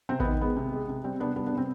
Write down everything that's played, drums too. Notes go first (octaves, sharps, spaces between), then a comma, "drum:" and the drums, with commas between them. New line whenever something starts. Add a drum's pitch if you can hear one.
C3 C4
D#3 B3, drum: kick A1
G#3 B3
C3
G#3
C3
G3 C4
C3 B3 D4
G3 B3 D4
B3 D4
C3
C4